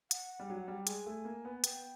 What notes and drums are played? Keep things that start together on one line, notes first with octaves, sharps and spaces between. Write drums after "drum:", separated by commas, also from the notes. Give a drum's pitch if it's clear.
F#5, drum: hi-hat
G3
F#3
G3
G#3 G#5, drum: hi-hat
A3
A#3
B3
B3 G5, drum: hi-hat